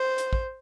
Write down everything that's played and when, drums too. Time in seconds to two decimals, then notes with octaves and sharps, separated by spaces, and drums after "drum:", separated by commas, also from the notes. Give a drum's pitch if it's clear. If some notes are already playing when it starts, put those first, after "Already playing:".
Already playing: C5
0.18 drum: hi-hat
0.33 drum: kick